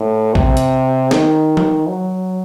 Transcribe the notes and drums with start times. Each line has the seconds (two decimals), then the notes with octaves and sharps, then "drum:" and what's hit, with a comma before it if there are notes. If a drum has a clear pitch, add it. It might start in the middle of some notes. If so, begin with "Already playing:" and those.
Already playing: A2
0.35 C3, drum: kick
0.57 drum: hi-hat
1.11 D#3, drum: snare
1.57 drum: tom D#3
1.88 F#3